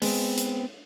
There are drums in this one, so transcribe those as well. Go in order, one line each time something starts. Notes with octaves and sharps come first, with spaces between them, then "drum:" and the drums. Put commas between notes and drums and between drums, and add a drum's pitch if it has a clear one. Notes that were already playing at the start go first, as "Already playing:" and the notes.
G#3 B3 C4, drum: open hi-hat
drum: hi-hat